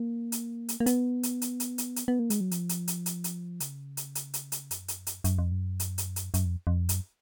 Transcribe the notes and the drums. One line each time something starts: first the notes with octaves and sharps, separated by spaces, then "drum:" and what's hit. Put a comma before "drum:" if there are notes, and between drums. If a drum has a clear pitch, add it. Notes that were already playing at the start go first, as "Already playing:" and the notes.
Already playing: A#3
drum: hi-hat
drum: hi-hat
A#3
B3, drum: hi-hat
drum: hi-hat
drum: hi-hat
drum: hi-hat
drum: hi-hat
drum: hi-hat
B3
A#3
G#3, drum: hi-hat
F#3
F3, drum: hi-hat
drum: hi-hat
drum: hi-hat
drum: hi-hat
drum: hi-hat
C#3, drum: hi-hat
drum: hi-hat
drum: hi-hat
drum: hi-hat
drum: hi-hat
F#2, drum: hi-hat
drum: hi-hat
drum: hi-hat
F#2, drum: hi-hat
F2
F#2
drum: hi-hat
drum: hi-hat
drum: hi-hat
F#2, drum: hi-hat
F2
F2
F#2, drum: hi-hat